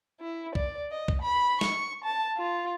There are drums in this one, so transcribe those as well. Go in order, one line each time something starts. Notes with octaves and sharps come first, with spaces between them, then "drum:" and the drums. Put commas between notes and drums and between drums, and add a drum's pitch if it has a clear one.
E4
D5, drum: kick C2
D#5
drum: kick C2
B5
C#6, drum: snare
A5
F4